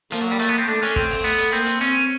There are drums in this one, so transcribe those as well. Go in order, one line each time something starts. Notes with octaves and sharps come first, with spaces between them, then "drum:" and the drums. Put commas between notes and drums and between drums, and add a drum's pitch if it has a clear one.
F3 A#3, drum: hi-hat
F#3
G3
A3, drum: hi-hat
B3
C4
A3 D4
C#4, drum: hi-hat
C4, drum: kick
drum: open hi-hat
A3 B3, drum: hi-hat
drum: hi-hat
A#3 C4, drum: hi-hat
drum: hi-hat
C4 C#4, drum: hi-hat